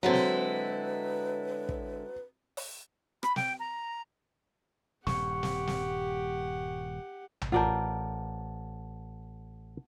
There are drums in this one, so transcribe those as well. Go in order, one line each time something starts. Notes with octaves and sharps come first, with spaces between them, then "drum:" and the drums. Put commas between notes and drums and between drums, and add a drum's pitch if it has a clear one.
D3 F#3 G#3 C4 E4 B4
drum: snare
drum: kick
drum: open hi-hat
B5, drum: rim click
G5, drum: snare
A#5
D#1 G2 G4 F#5 C#6, drum: snare
drum: snare
drum: snare
drum: tom A#1
A1 F4 A#4 C5 D5 F#5 A5